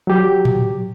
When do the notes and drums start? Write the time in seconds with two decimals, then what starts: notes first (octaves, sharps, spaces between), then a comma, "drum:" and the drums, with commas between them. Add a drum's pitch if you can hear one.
0.07 F#3 G4
0.45 drum: tom A2